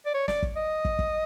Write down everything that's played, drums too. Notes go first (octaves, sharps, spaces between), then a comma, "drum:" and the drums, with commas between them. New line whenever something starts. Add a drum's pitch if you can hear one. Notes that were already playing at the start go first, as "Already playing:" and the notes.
D5
C#5
D5, drum: snare
drum: kick
D#5
drum: kick
drum: kick